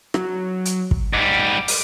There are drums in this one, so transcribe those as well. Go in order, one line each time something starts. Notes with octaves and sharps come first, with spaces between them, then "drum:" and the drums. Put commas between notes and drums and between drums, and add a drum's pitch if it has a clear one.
F#3, drum: rim click
drum: hi-hat
drum: kick
G#2 G3 D6
drum: open hi-hat